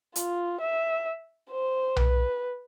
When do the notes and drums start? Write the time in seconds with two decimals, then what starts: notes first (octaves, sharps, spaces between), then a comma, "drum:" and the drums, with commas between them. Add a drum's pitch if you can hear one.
0.16 F4, drum: hi-hat
0.61 E5
1.51 C5
1.96 B4, drum: tom B1